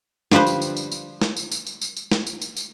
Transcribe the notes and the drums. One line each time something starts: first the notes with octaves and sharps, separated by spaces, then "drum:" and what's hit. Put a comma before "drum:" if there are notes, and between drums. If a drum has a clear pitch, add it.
D3 F3 G3 B4 C5, drum: snare
drum: tambourine
drum: tambourine
drum: tambourine
drum: tambourine
drum: snare
drum: tambourine
drum: tambourine
drum: tambourine
drum: tambourine
drum: tambourine
drum: snare
drum: tambourine
drum: tambourine
drum: tambourine